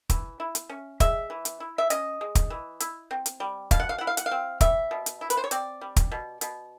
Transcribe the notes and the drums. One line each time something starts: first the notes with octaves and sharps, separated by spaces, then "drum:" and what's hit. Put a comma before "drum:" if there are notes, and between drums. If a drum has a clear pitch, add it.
E3, drum: kick, hi-hat
E4
drum: hi-hat
C#4
G#3 E5, drum: kick, hi-hat
E3
drum: hi-hat
E4
E5
C#4 D#5, drum: hi-hat
G#3
drum: kick, hi-hat
E3
E4, drum: hi-hat
C4
drum: hi-hat
G3
B2 F5, drum: kick, hi-hat
F#5
F5
E4 F#5
F5
F#5, drum: hi-hat
F5
C4
G3 E5, drum: kick, hi-hat
B2
drum: hi-hat
E4
B4, drum: hi-hat
C5
C#5
C4 D5, drum: hi-hat
G3
drum: kick, hi-hat
B2
B2, drum: hi-hat